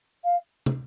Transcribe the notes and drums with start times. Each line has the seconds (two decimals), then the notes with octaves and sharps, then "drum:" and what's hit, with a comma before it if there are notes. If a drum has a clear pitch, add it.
0.24 F5
0.66 drum: tom